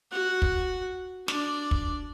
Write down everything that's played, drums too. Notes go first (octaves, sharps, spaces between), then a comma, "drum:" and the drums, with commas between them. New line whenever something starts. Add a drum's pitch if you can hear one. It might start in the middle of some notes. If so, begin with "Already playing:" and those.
F#4 F#5
drum: kick
D4 D5, drum: snare
drum: kick